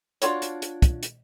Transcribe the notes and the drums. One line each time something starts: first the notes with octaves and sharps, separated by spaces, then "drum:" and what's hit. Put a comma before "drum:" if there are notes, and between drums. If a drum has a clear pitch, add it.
D4 F4 F#4 C#5, drum: hi-hat
drum: hi-hat
drum: hi-hat
drum: kick, hi-hat
drum: hi-hat